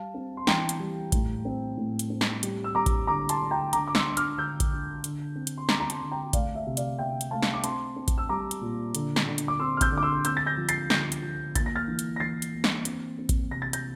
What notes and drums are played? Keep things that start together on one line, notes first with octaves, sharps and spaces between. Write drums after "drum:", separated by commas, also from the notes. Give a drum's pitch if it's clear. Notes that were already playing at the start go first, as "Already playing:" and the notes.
Already playing: G3 F5 A5
C4
C6
E3 G5 A#5, drum: snare
drum: hi-hat
G3
A2, drum: kick A1, hi-hat
C4
A2
drum: hi-hat
C4
drum: snare
G3, drum: hi-hat
E6
G3 A#5 D6
drum: kick A1, hi-hat
D3 A#5 D6
A5 C6, drum: hi-hat
D3
G5 A#5
D3 A#5 D6, drum: hi-hat
D6
C6 E6, drum: snare
D4
D6 F6, drum: hi-hat
D3 E6 G6
drum: kick A1, hi-hat
D4
D3, drum: hi-hat
C4
drum: hi-hat
C6
C4 A#5 D6, drum: snare
A#5
A5 C6, drum: hi-hat
D3
G5 A#5
A3 D5 F5, drum: kick A1, hi-hat
E5
C3
D5 F5, drum: hi-hat
C3 E5 G5
drum: hi-hat
A3 F5 A5
drum: snare
D6
C4 A5 C6, drum: hi-hat
C4
drum: kick A1, hi-hat
E6
G3 A#5 D6
drum: hi-hat
A#2
D3, drum: hi-hat
drum: snare
D3
drum: hi-hat
D6
C4 C6 E6
F6
E6 G6, drum: kick A1, hi-hat
D3
D6
C6 E6
C4 E6 G6, drum: hi-hat
A6
G6 A#6
F3
A6 C7, drum: hi-hat
D3 G6 A#6, drum: snare
drum: hi-hat
F3
A#3 A6, drum: kick A1, hi-hat
A#6
F6 A6
E3
drum: hi-hat
A#6
E3 A6 C7
drum: hi-hat
A#3
drum: snare
C4, drum: hi-hat
C4
drum: kick A1, hi-hat
C3 A#6
A6
G6 A#6, drum: hi-hat